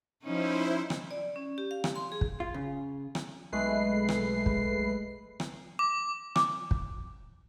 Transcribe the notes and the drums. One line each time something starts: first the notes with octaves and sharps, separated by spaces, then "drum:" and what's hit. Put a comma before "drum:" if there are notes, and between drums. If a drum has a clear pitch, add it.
F3 C#4 D#4 E4 C5
drum: rim click
D5
C#4
G4
F5
drum: rim click
C6
G#4
drum: kick
F4
C#3
drum: rim click
B1 G#3 A3 B4 C7
drum: rim click
drum: kick
drum: rim click
D6
D6, drum: rim click
drum: kick